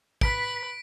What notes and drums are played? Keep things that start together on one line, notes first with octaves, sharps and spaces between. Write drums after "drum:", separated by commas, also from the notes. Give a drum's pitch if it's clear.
B4 B6 D7, drum: kick